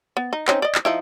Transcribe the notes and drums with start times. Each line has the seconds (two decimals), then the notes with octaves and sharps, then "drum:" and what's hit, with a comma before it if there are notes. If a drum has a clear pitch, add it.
0.17 B3
0.33 D#4
0.48 C4 C#4 D#4, drum: clap
0.62 D5 D#5
0.75 drum: clap
0.85 F3 D#4 E4